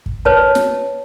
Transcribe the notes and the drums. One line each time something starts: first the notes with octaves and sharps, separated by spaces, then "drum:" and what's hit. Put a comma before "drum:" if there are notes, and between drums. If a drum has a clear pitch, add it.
drum: kick
B4 C#5 A5, drum: kick
drum: snare